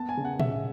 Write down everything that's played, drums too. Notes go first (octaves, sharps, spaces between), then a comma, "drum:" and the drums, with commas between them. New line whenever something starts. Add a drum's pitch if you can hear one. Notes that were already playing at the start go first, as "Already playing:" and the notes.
Already playing: B3 A5
G#5
C#3
F#5
C#3 E5, drum: tom